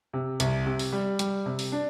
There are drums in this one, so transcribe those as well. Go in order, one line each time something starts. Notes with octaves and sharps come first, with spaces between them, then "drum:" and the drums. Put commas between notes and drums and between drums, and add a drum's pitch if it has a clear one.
C3
C2, drum: hi-hat
C3
drum: open hi-hat
G3
G3, drum: hi-hat
C3
drum: open hi-hat
D4